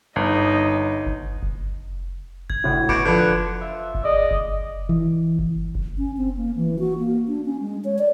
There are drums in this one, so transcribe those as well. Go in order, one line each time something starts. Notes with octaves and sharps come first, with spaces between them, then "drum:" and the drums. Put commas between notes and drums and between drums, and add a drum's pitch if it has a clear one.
G1 D#4
drum: kick F#1
drum: kick F#1
G#6, drum: kick F#1
D2 A2
B2 D6 D7, drum: kick F#1
D3 F3 B4
F#6
F3 F4 E5
drum: kick F#1
G#3 D5 D#5
drum: kick F#1
E3
drum: kick F#1
drum: kick F#1
C#4
C4
A#3
E3
F#4
A#3
D4
C#4
G#3
C#5
D5